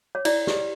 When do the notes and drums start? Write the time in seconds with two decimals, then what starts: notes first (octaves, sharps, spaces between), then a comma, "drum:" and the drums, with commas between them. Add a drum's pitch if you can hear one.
0.15 C#5
0.25 E4 D5, drum: cymbal
0.47 G4 B4, drum: snare